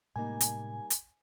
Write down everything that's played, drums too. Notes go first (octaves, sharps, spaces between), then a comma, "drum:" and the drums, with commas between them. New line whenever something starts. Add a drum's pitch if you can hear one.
A2 C3 G3 G#3 A#3 D#4 G#5
drum: hi-hat
drum: hi-hat